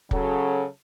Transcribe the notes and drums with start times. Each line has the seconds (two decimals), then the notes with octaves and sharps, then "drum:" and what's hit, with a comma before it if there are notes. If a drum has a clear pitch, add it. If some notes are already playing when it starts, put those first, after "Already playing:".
0.11 C#3 F#3 A4, drum: kick